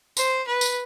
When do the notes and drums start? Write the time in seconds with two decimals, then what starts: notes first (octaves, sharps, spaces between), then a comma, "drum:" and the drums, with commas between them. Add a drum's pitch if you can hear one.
0.17 C5, drum: tambourine
0.47 B4
0.61 drum: tambourine